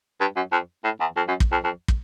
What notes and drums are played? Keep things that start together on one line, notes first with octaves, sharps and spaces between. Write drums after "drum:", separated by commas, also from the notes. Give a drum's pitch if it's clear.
G2
F#2
F2
A2
E2
F2
F#2
drum: kick
F2
F2
drum: kick